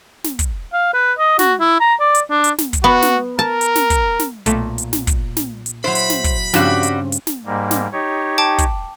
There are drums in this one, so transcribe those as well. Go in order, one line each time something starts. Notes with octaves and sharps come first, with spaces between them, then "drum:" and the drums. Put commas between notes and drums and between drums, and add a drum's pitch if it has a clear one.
drum: snare
drum: kick, hi-hat
F5
B4
D#5
F#4, drum: snare
E4
A#5
D5
drum: hi-hat
D4
drum: hi-hat
drum: snare
drum: kick, hi-hat
B3 F#4
drum: snare
A#4 A5
drum: hi-hat
drum: snare
drum: kick, hi-hat
drum: snare
B1 A#2 A3, drum: hi-hat
drum: hi-hat
drum: snare
drum: kick, hi-hat
drum: snare
drum: hi-hat
F#3 E4 C5 B5
drum: hi-hat
drum: snare
drum: kick, hi-hat
G2 C#3 F3 G3 C4 F#4 E7, drum: snare
drum: hi-hat
drum: hi-hat
drum: snare
G#2 G3 A#3
drum: snare
D#4 G4 C#5
G5 A5 D6
drum: kick, hi-hat